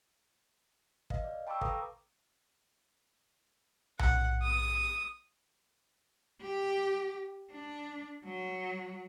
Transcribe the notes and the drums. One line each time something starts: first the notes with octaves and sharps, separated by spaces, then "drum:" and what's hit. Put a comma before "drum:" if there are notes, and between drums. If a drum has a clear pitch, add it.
B4 D#5 F5, drum: kick
D5
G5 A5 B5 C#6 D6 E6
A4 B4 F5 A#5 D6 D#6, drum: kick
F#5, drum: tom B1
D#6
G4
D4
F#3